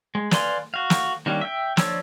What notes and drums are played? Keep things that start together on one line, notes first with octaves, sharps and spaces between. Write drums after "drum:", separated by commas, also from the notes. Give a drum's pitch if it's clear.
G#3
B4 D5 F5 G#5 C6, drum: snare
F#4 F5
drum: snare
D#3 G3 A#3 C#4 D4
E5 G5
F3 D4 C#5 D5 E6, drum: snare